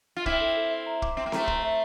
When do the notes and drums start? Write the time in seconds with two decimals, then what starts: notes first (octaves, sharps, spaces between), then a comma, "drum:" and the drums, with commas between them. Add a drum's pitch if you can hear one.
0.16 F4
0.26 C4 E4 D6, drum: kick
0.41 A4
0.57 A4
0.71 E5
0.86 A#5
1.02 D6, drum: kick
1.17 C4 E5
1.26 A#3
1.32 A3 C4 A#5, drum: snare C4
1.48 A#5, drum: kick
1.63 E5